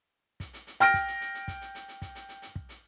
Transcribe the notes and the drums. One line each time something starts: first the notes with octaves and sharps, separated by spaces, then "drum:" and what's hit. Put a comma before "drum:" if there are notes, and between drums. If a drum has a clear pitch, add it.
drum: kick, hi-hat
drum: hi-hat
drum: hi-hat
G5 F6 A#6 D7
drum: kick, hi-hat
drum: hi-hat
drum: hi-hat
drum: hi-hat
drum: kick, hi-hat
drum: hi-hat
drum: hi-hat
drum: hi-hat
drum: kick, hi-hat
drum: hi-hat
drum: hi-hat
drum: hi-hat
drum: kick
drum: hi-hat